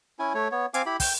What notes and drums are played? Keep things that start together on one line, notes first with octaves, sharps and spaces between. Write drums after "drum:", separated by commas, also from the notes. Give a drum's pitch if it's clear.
C#4 E4 G#5
A3 C#5
B3 C#5
C4 F5 G#5 D6, drum: hi-hat
E4 G4 B5
G5, drum: kick, open hi-hat